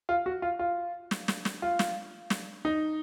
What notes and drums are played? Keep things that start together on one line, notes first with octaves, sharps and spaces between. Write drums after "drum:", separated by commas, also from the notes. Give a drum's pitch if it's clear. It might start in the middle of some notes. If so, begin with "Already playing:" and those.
F4
F#4
F4
F4
drum: snare
drum: snare
drum: snare
F4
drum: snare
drum: snare
D#4